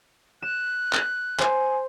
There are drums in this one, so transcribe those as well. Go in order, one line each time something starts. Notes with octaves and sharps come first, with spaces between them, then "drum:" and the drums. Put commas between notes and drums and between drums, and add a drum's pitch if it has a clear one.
F#6 E7
drum: clap
C5 G#5, drum: clap